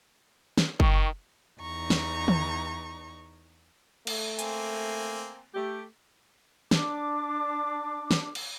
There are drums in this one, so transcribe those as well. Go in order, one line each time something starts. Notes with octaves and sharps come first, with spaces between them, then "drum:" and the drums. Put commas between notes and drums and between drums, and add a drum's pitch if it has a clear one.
drum: snare
D#3 G5 C#6, drum: kick
E2 D#4 A#5 C#6
drum: snare
drum: tom
A3, drum: cymbal
A#3 C4 G#5, drum: hi-hat
A3 G4
D4 D6, drum: snare
drum: snare
drum: cymbal